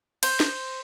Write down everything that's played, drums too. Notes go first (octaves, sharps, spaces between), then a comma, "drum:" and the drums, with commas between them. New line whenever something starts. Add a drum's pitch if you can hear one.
C5, drum: cymbal
drum: snare